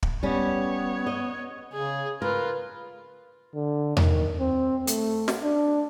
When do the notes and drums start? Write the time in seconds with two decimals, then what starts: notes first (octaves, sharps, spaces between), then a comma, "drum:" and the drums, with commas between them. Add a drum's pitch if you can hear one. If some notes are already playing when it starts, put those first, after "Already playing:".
0.03 drum: kick
0.23 G3 B3 C#4 C#5
1.07 D#5
1.73 C#3 G#4
2.22 F4 A#4 B4
3.55 D3
3.97 D#3, drum: tom E2
4.40 C4
4.87 A3, drum: hi-hat
5.28 drum: snare
5.43 D4